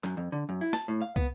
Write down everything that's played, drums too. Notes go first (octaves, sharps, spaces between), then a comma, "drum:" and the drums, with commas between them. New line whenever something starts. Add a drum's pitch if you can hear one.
F#2, drum: clap
F2
D3
F#2
E4
A5, drum: snare
A2
F5
B3, drum: kick